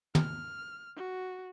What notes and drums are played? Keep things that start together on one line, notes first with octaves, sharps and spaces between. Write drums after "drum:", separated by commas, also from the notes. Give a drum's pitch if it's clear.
F6, drum: tom
F#4